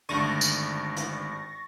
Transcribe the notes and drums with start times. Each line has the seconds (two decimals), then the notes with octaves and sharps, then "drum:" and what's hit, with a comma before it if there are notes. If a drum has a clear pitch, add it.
0.09 G#1 G2 D3 A3 C#6 A6 A#6 D#7
0.41 drum: tambourine
0.96 drum: hi-hat